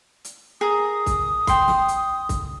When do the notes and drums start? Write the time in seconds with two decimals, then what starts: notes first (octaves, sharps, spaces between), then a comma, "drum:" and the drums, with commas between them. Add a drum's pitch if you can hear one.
0.25 drum: hi-hat
0.61 G#4 A#4 A#5 D#6
1.06 drum: kick C2, hi-hat
1.47 G5 C6, drum: kick C2, hi-hat
1.68 drum: snare
1.88 drum: hi-hat
2.29 drum: kick C2, hi-hat